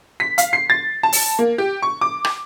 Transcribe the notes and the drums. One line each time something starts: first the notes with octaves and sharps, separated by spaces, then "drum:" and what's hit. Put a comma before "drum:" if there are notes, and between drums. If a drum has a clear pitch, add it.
B6
F5, drum: hi-hat
C7
A6
A5
drum: open hi-hat
A#3
G4
C#6
D6
drum: rim click